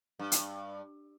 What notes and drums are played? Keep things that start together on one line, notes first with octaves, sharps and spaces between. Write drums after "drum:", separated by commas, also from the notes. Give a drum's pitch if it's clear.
G2
drum: hi-hat